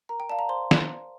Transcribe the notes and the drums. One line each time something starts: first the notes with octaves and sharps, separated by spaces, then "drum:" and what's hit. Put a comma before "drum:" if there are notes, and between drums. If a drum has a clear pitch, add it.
A#4 A#5
G5
D5 F5 A5
A#5
C5 C6
drum: snare